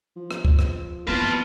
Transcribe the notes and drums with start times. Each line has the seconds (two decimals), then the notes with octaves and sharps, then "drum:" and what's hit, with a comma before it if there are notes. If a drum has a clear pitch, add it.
0.16 F3
0.31 drum: rim click
0.45 drum: kick C#2
0.59 drum: rim click
1.08 F2 B3 E4 F4 B4 A5